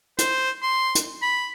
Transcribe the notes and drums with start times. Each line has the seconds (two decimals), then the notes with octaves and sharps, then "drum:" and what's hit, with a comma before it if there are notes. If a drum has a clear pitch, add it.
0.18 C5, drum: hi-hat
0.62 C6
0.95 drum: hi-hat
1.22 B5